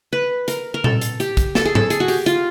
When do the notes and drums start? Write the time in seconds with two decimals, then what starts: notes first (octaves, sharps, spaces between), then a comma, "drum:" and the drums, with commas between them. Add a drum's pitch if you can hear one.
0.13 B4
0.48 A#4, drum: hi-hat
0.74 A#4
0.84 A4, drum: tom A#2
1.01 drum: hi-hat
1.20 G4, drum: hi-hat
1.37 drum: kick, hi-hat
1.55 A4, drum: snare
1.65 G#4
1.75 A4, drum: tom G#2
1.90 G#4, drum: hi-hat
2.00 F#4
2.08 G4, drum: open hi-hat
2.26 F4, drum: hi-hat